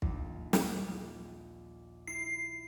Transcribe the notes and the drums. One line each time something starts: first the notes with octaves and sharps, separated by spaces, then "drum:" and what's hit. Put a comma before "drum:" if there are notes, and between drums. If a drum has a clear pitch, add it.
A#1 D#2, drum: kick
drum: snare
E4 C7